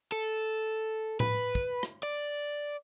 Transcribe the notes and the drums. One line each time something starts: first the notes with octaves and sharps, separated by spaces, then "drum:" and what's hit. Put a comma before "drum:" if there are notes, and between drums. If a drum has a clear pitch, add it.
A4
B4, drum: tom A2
drum: kick
drum: rim click
D5